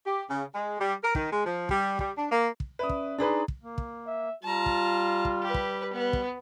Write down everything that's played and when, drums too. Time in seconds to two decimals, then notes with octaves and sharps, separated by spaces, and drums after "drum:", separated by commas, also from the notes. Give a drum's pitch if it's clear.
0.06 G4
0.27 C#3
0.53 G#3
0.79 G3
1.02 A#4
1.15 D#3, drum: kick
1.31 G#3
1.44 F3
1.69 G3, drum: kick
1.99 G3, drum: kick
2.16 D4
2.30 A#3
2.60 drum: kick
2.79 C#4 B4 D5 E5 D#6
2.89 drum: kick
3.18 D4 D#4 G#4 B4 A#5 C6
3.48 drum: kick
3.63 A#3
3.78 drum: kick
4.07 E5
4.44 G3 F4 A5 A#5
4.66 drum: kick
5.25 drum: kick
5.42 G4 B4
5.54 drum: kick
5.93 B3
6.13 drum: kick